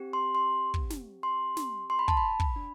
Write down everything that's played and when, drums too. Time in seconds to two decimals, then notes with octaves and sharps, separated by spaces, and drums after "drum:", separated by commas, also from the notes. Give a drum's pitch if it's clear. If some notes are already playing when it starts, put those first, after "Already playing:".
Already playing: C4 G4
0.13 C6
0.35 C6
0.74 drum: kick
0.90 drum: snare
1.23 C6
1.57 drum: snare
1.90 C6
1.99 B5
2.08 A5, drum: kick
2.17 B5
2.40 drum: kick
2.56 D4